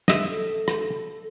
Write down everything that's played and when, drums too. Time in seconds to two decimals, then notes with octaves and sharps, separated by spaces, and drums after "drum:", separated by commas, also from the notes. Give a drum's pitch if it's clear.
0.08 D#5 E5, drum: snare
0.30 A4
0.68 drum: rim click